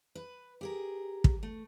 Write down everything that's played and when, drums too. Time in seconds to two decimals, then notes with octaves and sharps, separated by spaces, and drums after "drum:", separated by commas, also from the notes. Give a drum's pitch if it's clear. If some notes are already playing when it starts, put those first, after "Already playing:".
0.15 B4
0.61 G4 G#4 A#4
1.24 drum: kick
1.43 A3